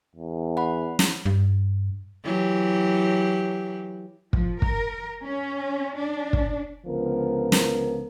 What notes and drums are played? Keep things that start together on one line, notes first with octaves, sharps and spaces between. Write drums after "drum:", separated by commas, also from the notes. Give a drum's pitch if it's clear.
E2
F#5 B5
drum: snare
G2
E3 F#3 G4
F3, drum: kick
A#4, drum: kick
C#4
D4
drum: kick
C#2 D3 F3 B3 A#4
drum: snare